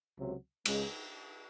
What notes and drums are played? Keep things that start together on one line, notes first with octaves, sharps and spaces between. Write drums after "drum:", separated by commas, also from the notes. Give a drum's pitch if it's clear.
C#2 C3 F#3
C#2 C#3 G#3, drum: cymbal